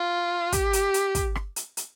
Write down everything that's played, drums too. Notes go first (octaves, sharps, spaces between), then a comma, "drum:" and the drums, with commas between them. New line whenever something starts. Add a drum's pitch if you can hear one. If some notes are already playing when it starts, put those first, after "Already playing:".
Already playing: F4
G4, drum: kick, hi-hat
drum: hi-hat
drum: hi-hat
drum: kick, hi-hat
drum: rim click
drum: hi-hat
drum: hi-hat